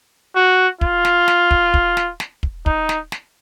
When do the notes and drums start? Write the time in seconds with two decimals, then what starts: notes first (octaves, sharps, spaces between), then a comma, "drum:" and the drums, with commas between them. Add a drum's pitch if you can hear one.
0.36 F#4
0.81 F4, drum: kick
1.05 drum: snare
1.28 drum: snare
1.51 drum: kick
1.74 drum: kick
1.97 drum: snare
2.20 drum: snare
2.43 drum: kick
2.66 D#4, drum: kick
2.89 drum: snare
3.12 drum: snare